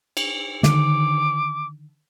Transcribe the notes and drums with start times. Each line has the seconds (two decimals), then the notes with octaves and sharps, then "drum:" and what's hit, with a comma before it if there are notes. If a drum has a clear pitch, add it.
0.17 drum: cymbal
0.63 D3 D#3 D6, drum: snare